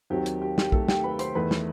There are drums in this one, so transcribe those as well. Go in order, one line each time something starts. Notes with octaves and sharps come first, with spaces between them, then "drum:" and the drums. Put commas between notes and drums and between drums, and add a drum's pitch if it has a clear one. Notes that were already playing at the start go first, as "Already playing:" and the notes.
D#2 D#3 F#3 C4 G4
drum: hi-hat
G4
G4, drum: snare
A3 A4, drum: kick
G4 G5, drum: snare
B4 B5
C5 C6, drum: hi-hat
E2 D#3 A3 B4 B5
drum: snare